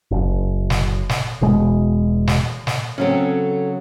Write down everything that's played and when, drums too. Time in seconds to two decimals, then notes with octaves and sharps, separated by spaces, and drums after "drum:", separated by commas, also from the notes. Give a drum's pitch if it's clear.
0.11 F#1
0.70 drum: snare
1.09 drum: snare
1.41 E1 B2 G#3
2.27 drum: snare
2.67 drum: snare
2.98 C#3 F#3 C4 C#4 A4